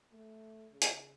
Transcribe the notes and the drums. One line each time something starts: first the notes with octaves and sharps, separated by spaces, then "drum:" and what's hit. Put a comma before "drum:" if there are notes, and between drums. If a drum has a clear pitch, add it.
A3
C#3
drum: hi-hat